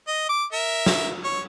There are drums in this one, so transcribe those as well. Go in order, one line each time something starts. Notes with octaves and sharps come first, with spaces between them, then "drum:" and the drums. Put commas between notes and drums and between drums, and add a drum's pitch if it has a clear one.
D#5
D6
A#4 E5
drum: snare
C#5